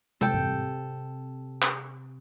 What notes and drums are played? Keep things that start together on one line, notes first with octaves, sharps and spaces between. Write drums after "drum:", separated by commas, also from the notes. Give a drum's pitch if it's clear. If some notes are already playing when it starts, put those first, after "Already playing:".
C3 A4 G5, drum: tom
drum: tom G#2
drum: clap